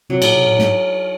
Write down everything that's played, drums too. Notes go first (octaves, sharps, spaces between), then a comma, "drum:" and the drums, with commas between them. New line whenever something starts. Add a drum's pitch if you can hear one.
C3 F#3
A#2, drum: cymbal
C3
A#2
G#2, drum: snare